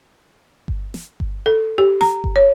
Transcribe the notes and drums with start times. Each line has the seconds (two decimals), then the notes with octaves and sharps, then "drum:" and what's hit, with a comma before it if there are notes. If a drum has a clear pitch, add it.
0.68 drum: kick G1
0.94 drum: snare
1.20 drum: kick G1
1.46 A4
1.78 G4
2.01 A#5, drum: snare
2.24 drum: kick G1
2.36 C#5